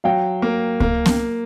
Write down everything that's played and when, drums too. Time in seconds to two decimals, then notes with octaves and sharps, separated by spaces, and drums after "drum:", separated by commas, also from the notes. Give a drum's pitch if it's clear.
0.04 F#3 F5 G5
0.42 A#3
0.80 A#3, drum: kick C#2
1.06 drum: snare B3